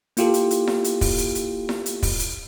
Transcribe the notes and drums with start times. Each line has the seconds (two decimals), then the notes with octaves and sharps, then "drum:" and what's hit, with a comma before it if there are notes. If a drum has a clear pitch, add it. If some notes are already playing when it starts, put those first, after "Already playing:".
0.17 A#3 E4 F4 G4 A4, drum: hi-hat
0.34 drum: hi-hat
0.51 drum: hi-hat
0.67 drum: snare E4
0.84 drum: hi-hat
1.01 drum: kick, open hi-hat
1.18 drum: hi-hat
1.35 drum: hi-hat
1.69 drum: snare E4
1.86 drum: hi-hat
2.03 drum: kick, open hi-hat
2.19 drum: hi-hat